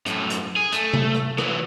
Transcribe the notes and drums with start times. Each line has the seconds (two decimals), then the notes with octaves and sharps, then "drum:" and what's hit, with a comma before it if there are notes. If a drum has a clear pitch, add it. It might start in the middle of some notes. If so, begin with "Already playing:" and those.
0.06 F#2 A2, drum: hi-hat
0.30 drum: hi-hat
0.56 G#4
0.72 A3, drum: hi-hat
0.94 drum: tom C3
1.15 drum: rim click
1.38 E3 F#3, drum: rim click